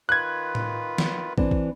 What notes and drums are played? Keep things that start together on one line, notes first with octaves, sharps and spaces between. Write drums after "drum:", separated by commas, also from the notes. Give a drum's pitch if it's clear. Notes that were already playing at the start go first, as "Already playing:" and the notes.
D#3 F4 B4 F#6 G#6
drum: tom A2
drum: snare
E3 C4 D4, drum: kick
drum: kick